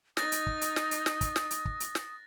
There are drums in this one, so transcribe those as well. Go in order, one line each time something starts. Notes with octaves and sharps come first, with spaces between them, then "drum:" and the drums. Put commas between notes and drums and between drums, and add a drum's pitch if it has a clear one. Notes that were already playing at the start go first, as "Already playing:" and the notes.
D#4 D#6 F#6 A6 A#6, drum: snare
drum: hi-hat
drum: kick
drum: hi-hat
drum: snare
drum: hi-hat
drum: snare
drum: kick, hi-hat
drum: snare
drum: hi-hat
drum: kick
drum: hi-hat
drum: snare